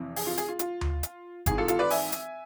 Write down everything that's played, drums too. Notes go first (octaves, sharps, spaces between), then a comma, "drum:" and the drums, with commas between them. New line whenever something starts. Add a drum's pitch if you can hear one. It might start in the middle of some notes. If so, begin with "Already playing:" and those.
Already playing: F1 F2 C3 E3
G#4, drum: open hi-hat
F4
G#4, drum: hi-hat
F4
F4, drum: hi-hat
drum: tom D2
drum: hi-hat
G#1 G#2 E3 G#4, drum: kick G1, hi-hat
F4 A4
F4 A4, drum: hi-hat
B4 D5
E5 G#5, drum: open hi-hat
drum: hi-hat